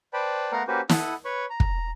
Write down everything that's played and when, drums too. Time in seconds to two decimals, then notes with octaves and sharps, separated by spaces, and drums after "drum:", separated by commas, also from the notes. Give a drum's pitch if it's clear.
0.13 B4 C5 D5 G5 A5 B5
0.52 A3 B3 A#4 F5 F#5 A#5
0.67 A#3 C#4 F#4 G4 B4 C5
0.89 E4 A4 F#5 B5 D#6, drum: snare
1.25 B4 C#5 B5 C#6
1.50 A#5
1.60 drum: kick